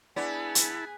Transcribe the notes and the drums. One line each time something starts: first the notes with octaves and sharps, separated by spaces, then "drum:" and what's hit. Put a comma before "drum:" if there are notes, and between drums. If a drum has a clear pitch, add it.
B3 D4 E4 G#4 D5 G#5 A5 B5
drum: hi-hat